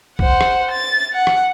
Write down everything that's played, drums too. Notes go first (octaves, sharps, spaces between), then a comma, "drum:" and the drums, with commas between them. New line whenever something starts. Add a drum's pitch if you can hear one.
C5 F#5, drum: kick
drum: rim click
A6
F#5
drum: rim click